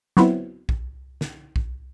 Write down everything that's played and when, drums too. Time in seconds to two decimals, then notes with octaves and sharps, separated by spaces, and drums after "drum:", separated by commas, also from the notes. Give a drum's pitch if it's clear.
0.17 F#3 B3 C4 E4, drum: snare
0.69 drum: kick A#1
1.21 drum: snare
1.56 drum: kick A#1